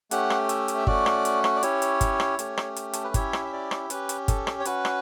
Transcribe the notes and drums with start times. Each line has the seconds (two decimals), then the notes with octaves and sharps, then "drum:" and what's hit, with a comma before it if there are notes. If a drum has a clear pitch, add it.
0.11 A3 C#4 G4 F#5, drum: hi-hat
0.30 drum: rim click
0.49 E5, drum: hi-hat
0.68 drum: hi-hat
0.77 E5
0.87 A3 C#4 F#4 D5, drum: kick G1
1.06 drum: rim click
1.25 drum: hi-hat
1.44 drum: rim click
1.56 D5
1.63 C#4 E4 G4 C#5, drum: hi-hat
1.82 drum: hi-hat
2.01 drum: kick G1, hi-hat
2.20 drum: rim click
2.39 A3 C#4 G4, drum: hi-hat
2.58 drum: rim click
2.76 drum: hi-hat
2.93 A4, drum: hi-hat
3.04 B4
3.14 C#4 E4 G4 C#5, drum: kick G1, hi-hat
3.33 drum: rim click
3.45 E5
3.53 D5
3.71 drum: rim click
3.90 C#4 G4 B4, drum: hi-hat
4.09 drum: hi-hat
4.28 A4, drum: kick G1, hi-hat
4.47 drum: rim click
4.60 C#5
4.65 C#4 F#4 B4, drum: hi-hat
4.85 drum: rim click